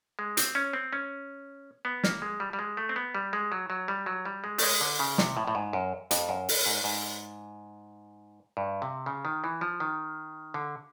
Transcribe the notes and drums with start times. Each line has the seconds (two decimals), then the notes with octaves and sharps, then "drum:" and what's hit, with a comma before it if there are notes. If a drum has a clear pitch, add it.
0.19 G#3
0.37 C4, drum: hi-hat
0.55 C#4
0.73 C4
0.93 C#4
1.85 B3
2.04 A#3, drum: snare
2.22 G#3
2.40 G3
2.53 G3
2.59 G#3
2.77 A3
2.89 C4
2.96 B3
3.15 G3
3.33 G#3
3.52 F#3
3.70 F#3
3.88 G3
4.06 F#3
4.25 G3
4.44 G#3
4.58 A3, drum: open hi-hat
4.63 G#3
4.81 D3
4.99 C#3
5.18 C3, drum: snare
5.37 A2
5.48 A2
5.55 G#2
5.73 F#2
6.11 F2, drum: hi-hat
6.29 F#2
6.49 drum: open hi-hat
6.66 G#2
6.84 G#2
8.57 G2
8.82 C3
9.06 C#3
9.25 D#3
9.44 E3
9.61 F3
9.80 D#3
10.54 D3